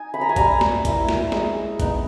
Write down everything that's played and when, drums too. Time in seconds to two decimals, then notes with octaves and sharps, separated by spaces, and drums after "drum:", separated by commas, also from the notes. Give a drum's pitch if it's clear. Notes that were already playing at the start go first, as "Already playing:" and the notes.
Already playing: D#4 G#5
0.14 B5
0.21 A#5
0.29 G#5
0.36 G3 A#5, drum: kick, hi-hat
0.61 drum: snare
0.85 A#3 E4, drum: kick, hi-hat
1.09 drum: snare
1.32 G#3, drum: snare
1.80 B3 D#4, drum: kick, hi-hat